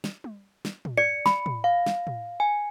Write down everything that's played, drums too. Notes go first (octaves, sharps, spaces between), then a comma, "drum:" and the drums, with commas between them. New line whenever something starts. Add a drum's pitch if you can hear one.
drum: snare
drum: tom G3
drum: snare
drum: tom
D5 C#7
B5, drum: snare
drum: tom
F5
drum: snare
drum: tom A2
G#5